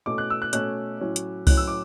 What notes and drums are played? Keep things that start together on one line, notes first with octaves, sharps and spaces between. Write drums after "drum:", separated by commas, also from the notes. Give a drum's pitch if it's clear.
B2 A3 C#4 D6
F#6
E6
F#6
B2 A3 C#4 F#6, drum: hi-hat
A2 F#3 C#4
drum: hi-hat
A2 F#3 C#4 F#6, drum: kick C2, open hi-hat
E6
D6